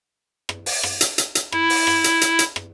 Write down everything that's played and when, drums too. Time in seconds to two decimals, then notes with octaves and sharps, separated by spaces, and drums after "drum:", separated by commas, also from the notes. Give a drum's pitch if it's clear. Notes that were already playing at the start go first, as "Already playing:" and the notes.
0.49 drum: rim click
0.66 drum: open hi-hat
0.83 drum: rim click
1.01 drum: hi-hat
1.18 drum: hi-hat
1.35 drum: hi-hat
1.52 E4, drum: rim click
1.70 drum: open hi-hat
1.87 drum: rim click
2.04 drum: hi-hat
2.21 drum: hi-hat
2.39 drum: hi-hat
2.56 drum: rim click